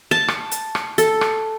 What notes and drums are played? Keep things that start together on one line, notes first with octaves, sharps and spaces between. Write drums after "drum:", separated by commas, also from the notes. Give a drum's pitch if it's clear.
A5
drum: rim click
drum: hi-hat
drum: rim click
A4, drum: hi-hat
drum: rim click